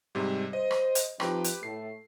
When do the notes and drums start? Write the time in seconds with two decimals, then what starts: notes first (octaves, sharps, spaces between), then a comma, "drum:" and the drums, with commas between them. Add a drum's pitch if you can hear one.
0.15 G#2 C3 G3
0.53 C5 D#5
0.71 drum: rim click
0.95 drum: hi-hat
1.20 F3 C4 D#4 G4 B4 G5, drum: rim click
1.44 drum: hi-hat
1.63 A2 A3 C7